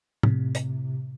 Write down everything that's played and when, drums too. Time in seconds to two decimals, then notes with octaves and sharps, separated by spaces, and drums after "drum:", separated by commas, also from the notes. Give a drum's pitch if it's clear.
0.23 A2 C3, drum: tom
0.55 drum: hi-hat